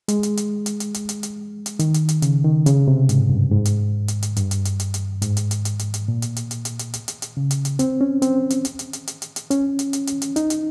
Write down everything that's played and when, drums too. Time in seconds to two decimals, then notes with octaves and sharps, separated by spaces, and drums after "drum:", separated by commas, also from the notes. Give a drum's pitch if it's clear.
0.08 G#3, drum: hi-hat
0.23 drum: hi-hat
0.37 drum: hi-hat
0.66 drum: hi-hat
0.80 drum: hi-hat
0.94 drum: hi-hat
1.09 drum: hi-hat
1.23 drum: hi-hat
1.66 drum: hi-hat
1.79 D#3, drum: hi-hat
1.94 drum: hi-hat
2.09 drum: hi-hat
2.22 C#3, drum: hi-hat
2.44 D#3
2.66 C#3, drum: hi-hat
2.88 C3
3.09 G#2, drum: hi-hat
3.29 G2
3.52 G#2
3.65 drum: hi-hat
4.08 drum: hi-hat
4.23 drum: hi-hat
4.36 G2, drum: hi-hat
4.51 drum: hi-hat
4.65 drum: hi-hat
4.80 drum: hi-hat
4.94 drum: hi-hat
5.22 G#2, drum: hi-hat
5.37 drum: hi-hat
5.51 drum: hi-hat
5.65 drum: hi-hat
5.79 drum: hi-hat
5.94 drum: hi-hat
6.08 A#2
6.22 drum: hi-hat
6.36 drum: hi-hat
6.51 drum: hi-hat
6.65 drum: hi-hat
6.79 drum: hi-hat
6.94 drum: hi-hat
7.08 drum: hi-hat
7.22 drum: hi-hat
7.37 C#3
7.51 drum: hi-hat
7.65 drum: hi-hat
7.79 C4, drum: hi-hat
8.01 C#4
8.22 C4, drum: hi-hat
8.50 drum: hi-hat
8.65 drum: hi-hat
8.79 drum: hi-hat
8.93 drum: hi-hat
9.07 drum: hi-hat
9.22 drum: hi-hat
9.36 drum: hi-hat
9.51 C#4, drum: hi-hat
9.79 drum: hi-hat
9.93 drum: hi-hat
10.07 drum: hi-hat
10.22 drum: hi-hat
10.36 D#4, drum: hi-hat
10.50 drum: hi-hat